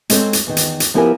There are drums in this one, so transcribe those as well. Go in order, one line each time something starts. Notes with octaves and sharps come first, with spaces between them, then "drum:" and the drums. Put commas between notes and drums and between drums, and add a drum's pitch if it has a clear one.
G#3 C4 A4 C5 C#5, drum: hi-hat
drum: hi-hat
E2 D#3
drum: hi-hat
drum: hi-hat
F3 B3 E4 G4 A#4 G#5